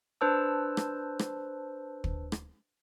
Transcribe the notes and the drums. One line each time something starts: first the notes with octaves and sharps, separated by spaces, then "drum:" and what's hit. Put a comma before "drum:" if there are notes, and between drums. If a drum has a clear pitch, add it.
D4 B4 C5 A5 E6
drum: rim click
drum: rim click
drum: kick
drum: rim click